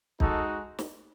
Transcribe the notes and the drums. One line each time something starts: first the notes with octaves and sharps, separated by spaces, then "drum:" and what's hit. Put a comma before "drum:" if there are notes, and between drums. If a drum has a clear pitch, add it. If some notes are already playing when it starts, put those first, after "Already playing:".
G#3 D#4 F#4 A4, drum: kick
drum: snare